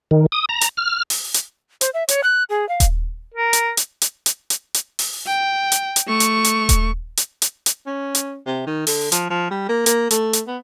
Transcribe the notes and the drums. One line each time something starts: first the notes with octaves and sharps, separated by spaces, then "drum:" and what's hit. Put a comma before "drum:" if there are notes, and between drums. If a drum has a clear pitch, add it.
D#3
D#6
A#5
drum: hi-hat
F6
drum: open hi-hat
drum: hi-hat
C5, drum: hi-hat
E5
C#5, drum: hi-hat
F#6
G#4
F5
drum: kick D#1, hi-hat
A#4
drum: hi-hat
drum: hi-hat
drum: hi-hat
drum: hi-hat
drum: hi-hat
drum: hi-hat
drum: open hi-hat
G5
drum: hi-hat
drum: hi-hat
A3 C#6
drum: hi-hat
drum: hi-hat
drum: kick D#1, hi-hat
drum: hi-hat
drum: hi-hat
drum: hi-hat
C#4
drum: hi-hat
C3
D#3
D3, drum: open hi-hat
F3, drum: hi-hat
F3
G3
A#3
A#3, drum: hi-hat
A3, drum: hi-hat
drum: hi-hat
B3